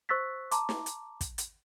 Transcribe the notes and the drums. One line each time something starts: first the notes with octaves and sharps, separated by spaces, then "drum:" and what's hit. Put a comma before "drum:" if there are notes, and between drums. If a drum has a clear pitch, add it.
C5 C#6 E6 F#6 A6 B6
A5 A#5 C6 D6, drum: hi-hat
drum: snare
drum: hi-hat
drum: kick, hi-hat
drum: hi-hat